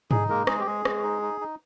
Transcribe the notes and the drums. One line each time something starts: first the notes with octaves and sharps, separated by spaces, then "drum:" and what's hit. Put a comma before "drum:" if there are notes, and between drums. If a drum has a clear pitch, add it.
D#4 G#4, drum: tom G#2
G#3 A#3 A#4
G#3 G#4, drum: rim click
G4
G#3 G#4
G#3, drum: rim click
D#4
D#4
D#4